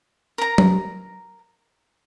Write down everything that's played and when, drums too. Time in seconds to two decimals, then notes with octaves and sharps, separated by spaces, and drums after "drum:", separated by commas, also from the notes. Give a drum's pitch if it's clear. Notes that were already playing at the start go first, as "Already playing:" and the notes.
0.38 A#4 A#5
0.58 drum: tom F#3